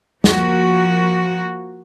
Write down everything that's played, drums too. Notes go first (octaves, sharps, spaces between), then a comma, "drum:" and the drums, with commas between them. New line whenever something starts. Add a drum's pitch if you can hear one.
F3 A#3 F#4, drum: snare